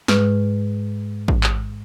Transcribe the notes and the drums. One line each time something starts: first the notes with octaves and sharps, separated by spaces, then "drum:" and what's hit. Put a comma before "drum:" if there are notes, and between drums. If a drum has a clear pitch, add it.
G#2 G#3 B4 C#6 F6, drum: snare
drum: kick A1
drum: clap